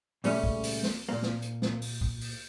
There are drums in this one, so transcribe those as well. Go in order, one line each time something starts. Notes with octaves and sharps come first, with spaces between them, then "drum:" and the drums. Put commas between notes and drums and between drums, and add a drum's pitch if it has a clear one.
A#2 C#3 G3 A3 C#4, drum: open hi-hat
drum: kick
drum: open hi-hat
drum: snare
A#2 A#3
drum: snare
drum: hi-hat
drum: snare
drum: open hi-hat
drum: kick
drum: open hi-hat